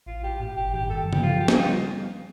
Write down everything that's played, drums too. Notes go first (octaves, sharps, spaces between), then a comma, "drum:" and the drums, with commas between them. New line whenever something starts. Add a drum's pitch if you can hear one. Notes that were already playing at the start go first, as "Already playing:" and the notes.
A1 F4
A1 G4
A2 G4
G1 G4
D#3 G4
G2 A4
F3
G4, drum: tom C#3
F3 F4
F3 G4
D#4, drum: snare
G3 F4